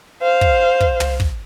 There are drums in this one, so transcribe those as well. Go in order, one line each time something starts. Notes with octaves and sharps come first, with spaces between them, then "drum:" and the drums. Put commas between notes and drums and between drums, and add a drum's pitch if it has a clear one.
C5 F5
drum: kick
drum: kick
drum: tom
drum: kick